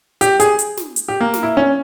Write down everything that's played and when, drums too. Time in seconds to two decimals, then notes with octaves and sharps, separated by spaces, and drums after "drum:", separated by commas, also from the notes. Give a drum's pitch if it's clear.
0.21 G4, drum: hi-hat
0.40 G#4, drum: hi-hat
0.59 drum: hi-hat
0.77 drum: snare
0.96 drum: hi-hat
1.08 G4
1.20 A#3
1.34 drum: snare
1.43 E4
1.57 C#4